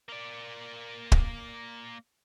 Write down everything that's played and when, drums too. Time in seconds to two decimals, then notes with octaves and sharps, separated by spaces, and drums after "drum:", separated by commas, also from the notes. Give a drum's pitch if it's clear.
0.09 A#3 D5
1.12 drum: kick